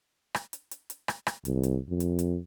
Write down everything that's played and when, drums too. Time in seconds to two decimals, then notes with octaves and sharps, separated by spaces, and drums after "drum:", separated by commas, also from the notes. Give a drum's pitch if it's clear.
0.35 drum: rim click
0.53 drum: hi-hat
0.71 drum: hi-hat
0.90 drum: hi-hat
1.08 drum: rim click
1.27 drum: rim click
1.45 C2, drum: hi-hat
1.63 drum: hi-hat
1.89 F2
2.00 drum: hi-hat
2.19 drum: hi-hat